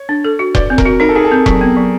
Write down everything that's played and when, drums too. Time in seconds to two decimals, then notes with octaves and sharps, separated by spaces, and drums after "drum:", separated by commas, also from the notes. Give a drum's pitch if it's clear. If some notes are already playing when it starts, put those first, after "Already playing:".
Already playing: C#5
0.09 D4
0.25 A4
0.39 F#4
0.55 B4 D5, drum: kick E1
0.70 C4
0.78 A#4, drum: kick E1
0.86 F#4
1.00 D#4 A#4
1.09 A4
1.15 D#4 G#4
1.25 A4
1.31 C4
1.46 F#3, drum: kick E1
1.61 B3
1.76 F#3